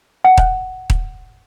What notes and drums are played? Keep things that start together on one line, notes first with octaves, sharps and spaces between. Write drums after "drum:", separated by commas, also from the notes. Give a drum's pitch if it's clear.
F#5
drum: kick D#1
drum: kick D#1